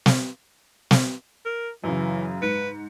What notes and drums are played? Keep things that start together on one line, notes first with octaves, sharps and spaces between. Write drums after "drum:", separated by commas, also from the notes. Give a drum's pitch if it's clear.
drum: snare
drum: snare
A#4
F#2 C#3 E3
G#2 B4 C#7